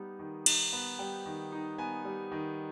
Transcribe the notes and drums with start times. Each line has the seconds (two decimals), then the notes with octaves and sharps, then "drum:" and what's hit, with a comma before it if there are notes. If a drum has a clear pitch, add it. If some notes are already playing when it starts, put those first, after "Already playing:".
Already playing: G3 B3 D#4
0.19 D#3
0.46 D#4, drum: cymbal
0.73 B3
0.99 G3 G5
1.26 D#3
1.52 D#4
1.78 B3 G#5
2.04 G3
2.32 D#3